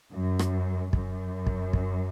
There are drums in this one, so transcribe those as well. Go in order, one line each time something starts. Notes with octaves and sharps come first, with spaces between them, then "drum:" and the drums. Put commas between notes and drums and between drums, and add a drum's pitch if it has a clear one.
F#2
drum: rim click
F#2, drum: kick
drum: kick
drum: kick